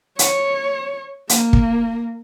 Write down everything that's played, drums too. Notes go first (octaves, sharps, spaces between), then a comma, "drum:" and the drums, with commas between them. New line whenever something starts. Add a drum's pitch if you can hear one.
C#5, drum: hi-hat
A#3, drum: hi-hat
drum: kick